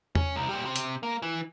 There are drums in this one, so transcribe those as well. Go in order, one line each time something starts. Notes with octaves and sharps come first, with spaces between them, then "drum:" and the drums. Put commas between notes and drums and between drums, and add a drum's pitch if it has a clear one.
C#4, drum: tom E2
C2
A#2 G3
C3
drum: hi-hat
A#3
E3